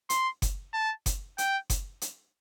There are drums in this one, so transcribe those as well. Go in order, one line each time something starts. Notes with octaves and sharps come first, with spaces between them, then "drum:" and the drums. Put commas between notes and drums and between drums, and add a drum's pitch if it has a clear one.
C6, drum: hi-hat
drum: kick F#1, hi-hat
A5
drum: kick F#1, hi-hat
G5, drum: hi-hat
drum: kick F#1, hi-hat
drum: hi-hat